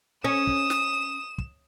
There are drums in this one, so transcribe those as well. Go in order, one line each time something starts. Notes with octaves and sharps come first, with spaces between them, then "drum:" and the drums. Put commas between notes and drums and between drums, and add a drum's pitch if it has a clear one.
C#4 D#6 E7
drum: kick
drum: snare
drum: kick